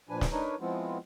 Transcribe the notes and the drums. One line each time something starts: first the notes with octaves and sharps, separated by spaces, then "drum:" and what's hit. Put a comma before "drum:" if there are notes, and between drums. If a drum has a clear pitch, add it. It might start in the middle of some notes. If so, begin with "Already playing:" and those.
A#2 F3 D4 B4 G#5
drum: snare
D4 D#4 A#4 B4 C#5
F3 G#3 B3 C4 E4 F4